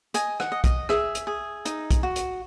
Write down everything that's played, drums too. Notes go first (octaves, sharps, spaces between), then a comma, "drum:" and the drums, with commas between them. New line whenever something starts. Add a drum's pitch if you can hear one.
D#5 G#5, drum: hi-hat
F#5, drum: rim click
D#5
D#5, drum: kick, hi-hat
G#4 E5, drum: rim click
drum: hi-hat
G#4
D#4, drum: hi-hat
drum: kick, hi-hat
F#4
drum: hi-hat